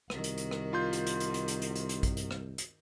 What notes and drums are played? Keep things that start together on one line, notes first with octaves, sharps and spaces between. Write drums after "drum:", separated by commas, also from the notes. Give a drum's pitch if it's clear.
C2 D#3 F#4, drum: rim click
drum: hi-hat
drum: hi-hat
drum: rim click
F4 C6 G6
drum: hi-hat
drum: hi-hat
drum: hi-hat
drum: hi-hat
drum: hi-hat
drum: hi-hat
drum: hi-hat
drum: hi-hat
drum: kick A#1, hi-hat
drum: hi-hat
drum: rim click
drum: hi-hat